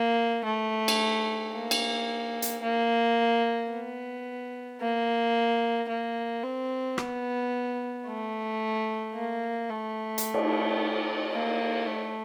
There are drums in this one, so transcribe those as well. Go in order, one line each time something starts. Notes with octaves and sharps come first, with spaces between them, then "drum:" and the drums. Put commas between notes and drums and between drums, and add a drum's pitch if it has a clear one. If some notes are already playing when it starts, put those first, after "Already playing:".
Already playing: A#3
A3
drum: cymbal
A#3
drum: cymbal
drum: hi-hat
A#3
B3
A#3
A#3
C4
B3, drum: rim click
A3
A#3
A3
drum: hi-hat
drum: cymbal
A#3
A3